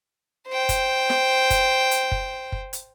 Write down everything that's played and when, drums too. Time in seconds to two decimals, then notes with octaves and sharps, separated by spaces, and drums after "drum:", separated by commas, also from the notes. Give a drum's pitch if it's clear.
0.48 C5 G5
0.69 drum: kick, hi-hat
1.10 drum: snare
1.50 drum: kick, hi-hat
1.91 drum: hi-hat
2.12 drum: kick
2.52 drum: kick
2.73 drum: hi-hat